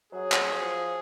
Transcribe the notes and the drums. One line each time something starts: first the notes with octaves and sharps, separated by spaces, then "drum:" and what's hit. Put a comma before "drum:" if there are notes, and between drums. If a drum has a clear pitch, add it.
F#3 G#4
drum: clap
F3